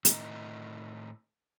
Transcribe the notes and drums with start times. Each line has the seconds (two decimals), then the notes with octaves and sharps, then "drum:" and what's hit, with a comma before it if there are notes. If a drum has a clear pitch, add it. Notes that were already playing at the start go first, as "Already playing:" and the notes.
0.05 A2 D#3 D#4, drum: hi-hat